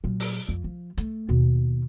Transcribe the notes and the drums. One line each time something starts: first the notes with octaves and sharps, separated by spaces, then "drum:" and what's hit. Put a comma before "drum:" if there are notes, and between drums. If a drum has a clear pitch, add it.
A#2 F#3
drum: open hi-hat
F2
F3
A3, drum: hi-hat
D#2 B2